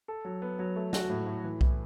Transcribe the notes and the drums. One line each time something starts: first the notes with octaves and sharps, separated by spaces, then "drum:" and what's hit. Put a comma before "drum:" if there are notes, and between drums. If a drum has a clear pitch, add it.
A4
F#3
B3
F#3
A3
F#4, drum: snare
A2
A2
E3
E3, drum: kick B1